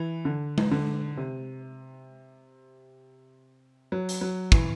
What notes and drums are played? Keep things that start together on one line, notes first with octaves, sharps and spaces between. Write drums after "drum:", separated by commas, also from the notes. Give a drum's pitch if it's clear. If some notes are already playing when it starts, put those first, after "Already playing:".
Already playing: E3
D3
drum: tom G#3
D3
C3
F#3
drum: hi-hat
F#3
E3, drum: kick